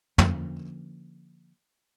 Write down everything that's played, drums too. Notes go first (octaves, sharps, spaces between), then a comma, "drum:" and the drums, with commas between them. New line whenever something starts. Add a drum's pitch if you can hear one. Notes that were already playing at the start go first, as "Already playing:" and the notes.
D3 F3 A#3 C#4, drum: tom